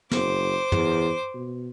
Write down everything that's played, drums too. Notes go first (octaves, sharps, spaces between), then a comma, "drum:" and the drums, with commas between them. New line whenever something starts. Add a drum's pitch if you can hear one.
F#1 C5 D6, drum: snare
E2, drum: tom
B2